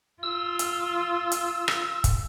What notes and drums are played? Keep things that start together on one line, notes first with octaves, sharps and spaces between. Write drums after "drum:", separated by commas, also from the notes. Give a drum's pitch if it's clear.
F4 E6
drum: hi-hat
drum: hi-hat
drum: rim click
drum: kick, hi-hat